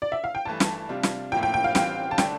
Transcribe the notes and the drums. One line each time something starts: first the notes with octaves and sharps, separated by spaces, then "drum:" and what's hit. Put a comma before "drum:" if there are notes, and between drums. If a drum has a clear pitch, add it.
D5
E5
F5
G5
G2 E3 A3 A5
drum: snare
C3 G3 D4 F4
drum: snare
A2 F3 A#3 E4 G5
G5
G5
F5
E3 G3 C4 F4 G5, drum: snare
A5
D3 A3 D4 G5, drum: snare